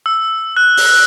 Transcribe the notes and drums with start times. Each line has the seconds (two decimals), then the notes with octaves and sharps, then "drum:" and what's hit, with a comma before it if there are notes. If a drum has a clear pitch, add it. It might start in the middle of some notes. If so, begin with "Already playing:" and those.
0.06 E6
0.57 F#6
0.77 drum: open hi-hat